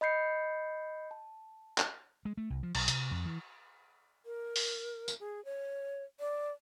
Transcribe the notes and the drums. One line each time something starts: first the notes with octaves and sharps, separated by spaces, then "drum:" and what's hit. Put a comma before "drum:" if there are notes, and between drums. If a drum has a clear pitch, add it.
D#5 B5 G6 C7 C#7
A5
drum: clap
G#3
A3
C2
F3
B1, drum: cymbal
C3, drum: hi-hat
F2
E3
A#4
drum: open hi-hat
drum: tambourine
G#4
C#5
D5